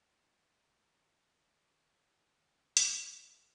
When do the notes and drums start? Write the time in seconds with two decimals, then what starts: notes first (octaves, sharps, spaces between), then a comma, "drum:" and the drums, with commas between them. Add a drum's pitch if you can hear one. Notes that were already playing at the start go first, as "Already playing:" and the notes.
0.12 D#3 G#3 B3 E4 E5
0.28 F#5
0.45 G#5
0.61 A#5
0.78 D#3 G#3 B3 E4 A#5
1.45 D#3 A#3 E4
2.11 D#3 A#3 E4
2.77 A#2 A#3 D#4 B5, drum: hi-hat
2.99 A#5
3.20 D#5